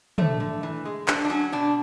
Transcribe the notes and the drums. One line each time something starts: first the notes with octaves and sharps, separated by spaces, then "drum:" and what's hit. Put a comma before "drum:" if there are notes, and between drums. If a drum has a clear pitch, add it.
D3 A3, drum: tom
D3
E3
G#3
F#3 D4, drum: clap
D4
F#3 C#4
B2 D4